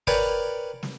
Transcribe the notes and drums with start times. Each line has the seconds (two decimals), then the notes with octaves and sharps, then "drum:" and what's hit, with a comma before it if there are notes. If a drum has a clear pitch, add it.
0.07 A#4 B4 C#5 D5 G5 G#5, drum: kick
0.83 drum: snare